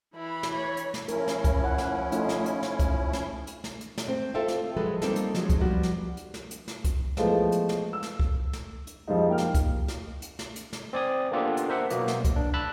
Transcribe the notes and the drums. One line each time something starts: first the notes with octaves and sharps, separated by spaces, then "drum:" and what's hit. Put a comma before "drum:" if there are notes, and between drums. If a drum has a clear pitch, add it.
E3 E4 B5
drum: snare
C#5
drum: hi-hat
drum: snare
F3 C#4 E4 A#4, drum: hi-hat
drum: snare
drum: kick C2, hi-hat
F#5
drum: snare
A3 D#4 F4, drum: hi-hat
drum: snare
drum: hi-hat
drum: snare
drum: kick C2, hi-hat
drum: snare
drum: hi-hat
drum: snare
drum: hi-hat
drum: snare
A3 C4 C5
F4 A4 C5 E5 F5 G5
drum: snare
F3 F#3 G#3 A4 B4
G3 A#3 C4 D#4 F4 A4, drum: snare
drum: hi-hat
F3 F#3 G#3 C#4, drum: snare
drum: kick C2, hi-hat
F3 G3 B3 F#4
drum: snare
drum: hi-hat
drum: snare
drum: hi-hat
drum: snare
drum: kick C2, hi-hat
E3 F3 G#3 A3 B3, drum: snare
drum: hi-hat
drum: snare
E6
drum: snare
drum: kick C2
drum: snare
drum: hi-hat
F2 F3 G3 G#3 D#4
A#3 G5 F6
drum: snare
drum: kick C2, hi-hat
drum: snare
drum: hi-hat
drum: snare
drum: hi-hat
drum: snare
C4 D5 G#5 D#6
A#3 B3 D4 F4 G4 A4
drum: hi-hat
A#4 C5 E5 F#5
B2 F#3 A#3 B3, drum: hi-hat
drum: snare
drum: kick C2, hi-hat
D4
A5 B5 E6 F#6 A6